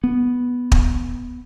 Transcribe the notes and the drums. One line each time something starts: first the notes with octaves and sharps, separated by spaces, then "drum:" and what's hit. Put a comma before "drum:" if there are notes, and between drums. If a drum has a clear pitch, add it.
B3
drum: kick